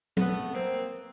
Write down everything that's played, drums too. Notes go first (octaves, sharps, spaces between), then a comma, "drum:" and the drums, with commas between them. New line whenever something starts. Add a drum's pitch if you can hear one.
A3 B3, drum: tom F#3
A#3 C4